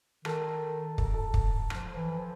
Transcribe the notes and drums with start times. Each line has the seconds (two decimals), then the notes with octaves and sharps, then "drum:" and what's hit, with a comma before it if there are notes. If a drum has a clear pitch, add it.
0.25 D#3 A4, drum: rim click
0.98 A4, drum: kick
1.05 A#4
1.14 A4
1.34 drum: kick
1.70 F3, drum: rim click
1.95 E3
2.18 F3